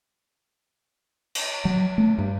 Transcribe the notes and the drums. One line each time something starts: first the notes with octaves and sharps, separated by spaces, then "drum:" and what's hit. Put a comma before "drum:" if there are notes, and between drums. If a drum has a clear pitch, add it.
drum: cymbal
F#3
A3
G2